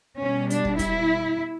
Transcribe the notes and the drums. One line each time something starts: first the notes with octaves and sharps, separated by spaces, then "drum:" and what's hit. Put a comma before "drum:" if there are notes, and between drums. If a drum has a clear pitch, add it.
B2 G3 C#4
D4, drum: hi-hat
drum: kick
E4, drum: kick, hi-hat